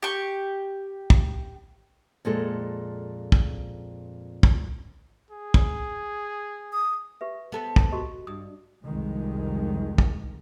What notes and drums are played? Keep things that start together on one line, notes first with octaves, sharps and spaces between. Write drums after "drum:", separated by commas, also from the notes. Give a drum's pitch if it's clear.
G4 C#6
drum: kick
F2 A#2 G#3 A4
drum: kick
drum: kick
G#4
drum: kick
D#6
G4 B4 E5
B3 A4 C5
drum: kick
F#4 G4 D#5
G2 D#6
C2 F2 D3 D#3 G#3
drum: kick